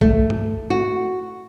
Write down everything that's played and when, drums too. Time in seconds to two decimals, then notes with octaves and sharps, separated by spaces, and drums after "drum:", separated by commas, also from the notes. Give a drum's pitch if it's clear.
0.01 A3, drum: kick B1
0.30 drum: tom G2
0.70 F#4